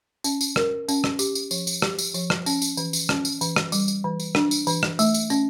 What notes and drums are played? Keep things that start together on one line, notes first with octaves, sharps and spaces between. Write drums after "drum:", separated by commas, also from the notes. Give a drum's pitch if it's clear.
C#4, drum: tambourine
drum: tambourine
A#4, drum: rim click
C#4, drum: tambourine
drum: rim click
G4, drum: tambourine
drum: tambourine
F3, drum: tambourine
drum: tambourine
G4, drum: rim click
drum: tambourine
F3, drum: tambourine
drum: rim click
C#4, drum: tambourine
drum: tambourine
E3, drum: tambourine
drum: tambourine
C#4, drum: rim click
drum: tambourine
E3, drum: tambourine
drum: rim click
G3, drum: tambourine
drum: tambourine
E3
drum: tambourine
D4, drum: rim click
drum: tambourine
E3, drum: tambourine
drum: rim click
A3, drum: tambourine
drum: tambourine
C#4, drum: tambourine